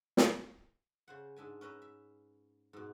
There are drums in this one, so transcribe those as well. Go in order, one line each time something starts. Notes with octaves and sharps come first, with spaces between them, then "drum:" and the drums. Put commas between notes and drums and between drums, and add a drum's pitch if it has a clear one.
drum: snare
C#3 C5 F#5
G#2 D4 E5 G#5
C#4 B4 E5 A#5
E5
G#2 B2